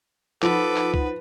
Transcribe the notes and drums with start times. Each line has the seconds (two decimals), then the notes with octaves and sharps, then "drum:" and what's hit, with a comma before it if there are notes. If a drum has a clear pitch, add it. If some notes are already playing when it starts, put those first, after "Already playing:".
0.43 F3 D#4 A4 B4 F#5 B5 D6, drum: clap
0.77 drum: clap
0.94 drum: kick C#2